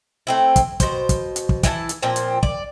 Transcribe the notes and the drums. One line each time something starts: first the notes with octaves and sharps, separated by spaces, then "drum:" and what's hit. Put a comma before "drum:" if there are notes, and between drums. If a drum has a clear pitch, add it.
A3 C4 E4
drum: kick, hi-hat
B2 C5, drum: kick, hi-hat
drum: kick, hi-hat
drum: hi-hat
drum: kick
E3 E4 E5 A5, drum: kick, hi-hat
drum: hi-hat
A#2 F3 C4
drum: hi-hat
D5, drum: kick